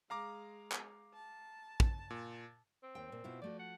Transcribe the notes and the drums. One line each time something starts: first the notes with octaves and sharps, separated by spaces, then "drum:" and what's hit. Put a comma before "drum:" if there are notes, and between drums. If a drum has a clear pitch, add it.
G#3 F5 A#5 D6
drum: clap
A5
drum: kick
A#2
C4
D#2 G5
A#2
B2 E4 F4
F3 A3 F#4 D5
F#5